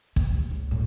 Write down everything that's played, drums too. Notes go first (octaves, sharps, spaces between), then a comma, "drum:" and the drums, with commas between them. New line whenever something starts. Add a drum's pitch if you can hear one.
C4, drum: kick
D#2
C#2
F#2 A2